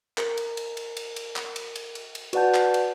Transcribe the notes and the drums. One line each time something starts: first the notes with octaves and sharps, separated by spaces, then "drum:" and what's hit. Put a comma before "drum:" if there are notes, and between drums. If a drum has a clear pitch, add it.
A#4, drum: clap
drum: cymbal
drum: cymbal
drum: cymbal
drum: cymbal
drum: cymbal
drum: clap
drum: cymbal
drum: cymbal
drum: cymbal
drum: cymbal
F#4 B4 D5 F#5 A5 G6, drum: cymbal
drum: clap
drum: cymbal